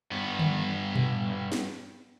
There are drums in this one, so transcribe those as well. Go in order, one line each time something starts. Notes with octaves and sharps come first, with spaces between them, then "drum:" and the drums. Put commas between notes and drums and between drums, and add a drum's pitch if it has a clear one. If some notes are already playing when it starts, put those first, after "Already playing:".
G2 B3
drum: tom D3
drum: tom A#2
drum: snare